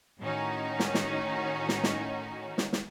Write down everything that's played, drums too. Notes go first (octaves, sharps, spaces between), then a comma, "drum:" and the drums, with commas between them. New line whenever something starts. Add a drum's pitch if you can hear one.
A2 D#3 C#4 D#4 F#4
drum: snare
drum: snare
drum: snare
drum: snare
drum: snare
drum: snare